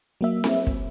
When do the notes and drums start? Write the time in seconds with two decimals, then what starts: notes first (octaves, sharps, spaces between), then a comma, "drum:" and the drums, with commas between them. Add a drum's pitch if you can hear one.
0.21 F#3 A#3 E5
0.44 drum: snare C4
0.67 drum: kick